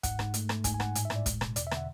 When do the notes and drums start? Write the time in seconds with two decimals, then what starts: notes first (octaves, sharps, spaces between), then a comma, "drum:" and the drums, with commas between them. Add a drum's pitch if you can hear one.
0.03 G#2 F#5, drum: kick, hi-hat
0.19 G#2, drum: rim click
0.34 A3, drum: hi-hat
0.49 A3, drum: rim click
0.64 G#2 G#5, drum: kick, hi-hat
0.74 G#5
0.80 G#2 F#5, drum: rim click
0.95 A2 G#5, drum: hi-hat
1.05 E5
1.10 A2, drum: rim click
1.16 D5
1.26 G#3, drum: kick, hi-hat
1.41 B2, drum: rim click
1.56 E2 D5, drum: hi-hat
1.67 E5
1.71 D3, drum: rim click
1.77 F#5